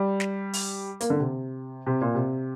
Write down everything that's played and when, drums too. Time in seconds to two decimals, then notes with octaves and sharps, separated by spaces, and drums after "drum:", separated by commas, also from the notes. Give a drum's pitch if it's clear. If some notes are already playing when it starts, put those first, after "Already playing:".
Already playing: G3
0.20 drum: snare
0.53 drum: open hi-hat
1.01 A#3, drum: hi-hat
1.10 D3
1.20 C3
1.86 C3
2.01 A#2
2.15 C3